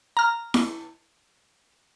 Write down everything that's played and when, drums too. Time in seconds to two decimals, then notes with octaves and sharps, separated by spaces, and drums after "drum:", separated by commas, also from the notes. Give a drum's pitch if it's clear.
0.17 A#5 F6
0.54 drum: snare E4